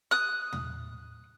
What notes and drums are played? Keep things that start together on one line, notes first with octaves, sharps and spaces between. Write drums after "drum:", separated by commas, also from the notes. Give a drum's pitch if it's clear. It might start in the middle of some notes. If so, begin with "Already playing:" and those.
D#6 F#6
drum: tom